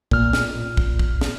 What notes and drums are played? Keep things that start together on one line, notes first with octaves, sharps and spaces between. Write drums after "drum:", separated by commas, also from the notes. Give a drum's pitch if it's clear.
A#2 F6, drum: kick
drum: snare
drum: kick
drum: kick
drum: snare